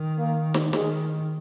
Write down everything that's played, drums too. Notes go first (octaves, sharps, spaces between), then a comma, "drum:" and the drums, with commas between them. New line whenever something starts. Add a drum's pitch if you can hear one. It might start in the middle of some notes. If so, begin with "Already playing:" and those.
Already playing: D#3
A#3
drum: snare
D#3 G#3, drum: snare